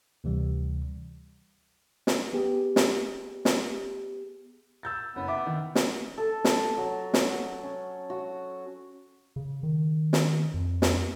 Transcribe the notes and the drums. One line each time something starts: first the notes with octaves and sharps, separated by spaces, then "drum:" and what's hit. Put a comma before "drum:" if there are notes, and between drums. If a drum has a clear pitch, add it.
D2 C3 E3 G3
drum: snare
B3 G4 G#4
drum: snare
drum: snare
E6 G6 A6
F#1 B3 C#4
E5 D6
D#3
drum: snare
A4
drum: snare
F#3
drum: snare
F#5
C#4
F#4
C#3
D#3
drum: snare
F2
drum: snare